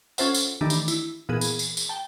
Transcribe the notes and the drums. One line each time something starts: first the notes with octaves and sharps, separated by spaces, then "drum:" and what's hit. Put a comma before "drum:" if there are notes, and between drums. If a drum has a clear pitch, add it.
C#4 F4 A4 C5 E5 F#5, drum: tambourine
drum: tambourine
D#3 E3 A3 D4 G4
drum: tambourine
E4, drum: tambourine
A#2 E3 B3 G#4
drum: tambourine
drum: tambourine
drum: tambourine
G5 A5